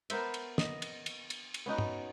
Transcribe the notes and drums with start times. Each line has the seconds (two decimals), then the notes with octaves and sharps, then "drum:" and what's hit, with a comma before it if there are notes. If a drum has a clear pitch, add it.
0.10 B3 A#4 C5 E5, drum: cymbal
0.34 drum: cymbal
0.58 D#5, drum: snare
0.82 drum: cymbal
1.06 drum: cymbal
1.30 drum: cymbal
1.54 drum: cymbal
1.66 B3 C#4 D#4 F#4
1.78 drum: tom